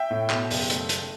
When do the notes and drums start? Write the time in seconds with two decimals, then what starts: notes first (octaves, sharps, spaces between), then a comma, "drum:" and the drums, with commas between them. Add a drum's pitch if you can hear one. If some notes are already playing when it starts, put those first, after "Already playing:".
Already playing: E5 G5
0.11 A2
0.30 B2, drum: clap
0.51 F#1, drum: open hi-hat
0.70 A3, drum: hi-hat
0.89 A3, drum: hi-hat